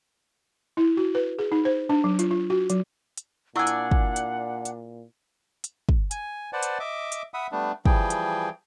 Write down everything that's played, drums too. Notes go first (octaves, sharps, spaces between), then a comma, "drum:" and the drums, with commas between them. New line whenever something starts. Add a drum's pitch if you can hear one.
E4
F#4
B4
G#4
D#4
C5
D4
F#3
F4, drum: hi-hat
F4
F#4
F#3, drum: hi-hat
drum: hi-hat
A#2 D4 E4 F#5 G#5 C#6 E6
drum: hi-hat
drum: kick
drum: hi-hat
drum: hi-hat
drum: hi-hat
drum: kick
G#5, drum: hi-hat
B4 C5 D5 F#5 A5
drum: hi-hat
D#5 E5 D6
drum: hi-hat
E5 F#5 B5 D#6
G3 A3 B3 D4
E3 F3 G3 G#4 G5, drum: kick
drum: hi-hat